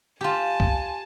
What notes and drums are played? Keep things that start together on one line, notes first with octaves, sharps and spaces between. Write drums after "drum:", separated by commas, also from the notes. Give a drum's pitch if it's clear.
F4 G4 G#5 A5
drum: kick